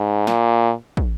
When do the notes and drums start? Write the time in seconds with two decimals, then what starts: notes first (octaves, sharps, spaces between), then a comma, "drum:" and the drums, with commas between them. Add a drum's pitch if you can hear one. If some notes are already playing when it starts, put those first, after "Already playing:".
Already playing: G#2
0.27 A#2, drum: snare
0.97 drum: kick